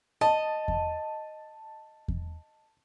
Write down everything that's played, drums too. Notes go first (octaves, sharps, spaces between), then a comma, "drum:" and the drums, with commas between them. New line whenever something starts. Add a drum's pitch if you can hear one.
D#5 A5
drum: kick E2
drum: kick E2